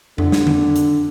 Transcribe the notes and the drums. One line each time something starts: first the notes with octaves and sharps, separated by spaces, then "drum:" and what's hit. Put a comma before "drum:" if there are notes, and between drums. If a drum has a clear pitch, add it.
D3, drum: tom F2
drum: snare
drum: tom D3
drum: hi-hat